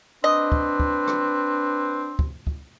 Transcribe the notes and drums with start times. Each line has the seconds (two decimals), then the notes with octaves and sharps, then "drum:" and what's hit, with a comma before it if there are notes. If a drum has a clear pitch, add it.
0.24 C4 D4 B4 D#5
0.52 drum: kick
0.80 drum: kick
1.07 drum: rim click
2.19 drum: kick
2.47 drum: kick